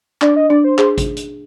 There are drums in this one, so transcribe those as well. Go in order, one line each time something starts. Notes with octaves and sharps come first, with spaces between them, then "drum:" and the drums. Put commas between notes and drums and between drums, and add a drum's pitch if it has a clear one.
D4 D5, drum: clap
D#5
D4 D5
C5
G#4 C5, drum: clap
drum: kick G#1, hi-hat
drum: hi-hat